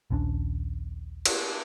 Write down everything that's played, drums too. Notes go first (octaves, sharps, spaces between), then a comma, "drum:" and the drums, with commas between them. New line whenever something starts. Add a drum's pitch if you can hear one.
A#1 D#2 C#4 D4
drum: cymbal